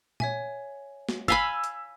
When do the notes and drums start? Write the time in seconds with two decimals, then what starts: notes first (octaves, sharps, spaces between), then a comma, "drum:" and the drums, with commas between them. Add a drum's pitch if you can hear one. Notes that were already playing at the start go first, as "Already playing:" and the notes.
0.20 C#5 E5 G#5, drum: tom A#2
1.09 drum: snare
1.28 F5 G#5 B5 E6 A6 B6 G7, drum: kick G1
1.64 drum: hi-hat